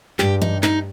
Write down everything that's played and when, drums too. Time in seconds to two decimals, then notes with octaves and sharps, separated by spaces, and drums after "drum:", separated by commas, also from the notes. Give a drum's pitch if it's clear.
0.19 G2 G4, drum: clap
0.42 D#4, drum: tom E3
0.63 D#4, drum: clap